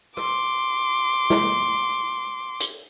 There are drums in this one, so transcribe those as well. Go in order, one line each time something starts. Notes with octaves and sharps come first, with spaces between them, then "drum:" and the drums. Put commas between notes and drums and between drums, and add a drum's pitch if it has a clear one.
C6 D6, drum: rim click
drum: snare
drum: hi-hat